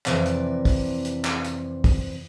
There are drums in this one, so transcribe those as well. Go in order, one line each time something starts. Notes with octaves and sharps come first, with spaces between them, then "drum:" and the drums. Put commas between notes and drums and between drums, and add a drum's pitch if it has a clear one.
F2 C3 E3 D5, drum: clap
drum: hi-hat
drum: kick, open hi-hat
drum: hi-hat
drum: clap
drum: hi-hat
drum: kick, open hi-hat